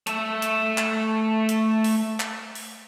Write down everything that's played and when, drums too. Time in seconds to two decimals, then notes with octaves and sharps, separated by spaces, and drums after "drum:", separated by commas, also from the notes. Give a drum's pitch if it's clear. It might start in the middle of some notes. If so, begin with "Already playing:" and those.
0.07 A3 E5, drum: hi-hat
0.42 drum: hi-hat
0.78 drum: clap
1.49 drum: hi-hat
1.84 drum: open hi-hat
2.20 drum: clap
2.55 drum: open hi-hat